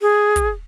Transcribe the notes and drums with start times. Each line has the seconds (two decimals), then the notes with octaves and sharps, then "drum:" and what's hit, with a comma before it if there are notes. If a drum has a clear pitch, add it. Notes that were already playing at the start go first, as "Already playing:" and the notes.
0.01 G#4
0.36 drum: kick, hi-hat